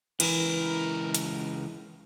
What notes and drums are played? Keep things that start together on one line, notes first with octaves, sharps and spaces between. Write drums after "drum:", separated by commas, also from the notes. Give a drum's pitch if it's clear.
C#2 E3 A#4, drum: cymbal
drum: hi-hat